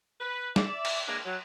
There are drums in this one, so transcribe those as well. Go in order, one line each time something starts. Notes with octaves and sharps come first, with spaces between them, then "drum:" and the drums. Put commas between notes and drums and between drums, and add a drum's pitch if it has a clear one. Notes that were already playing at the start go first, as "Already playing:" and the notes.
B4
D5 E5, drum: snare
drum: cymbal
E3 G#3 A#3 D4
F#3